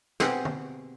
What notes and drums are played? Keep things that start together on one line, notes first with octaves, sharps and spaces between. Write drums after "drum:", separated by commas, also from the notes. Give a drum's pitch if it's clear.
B2 C4 G4 G#4 F#5, drum: snare
drum: tom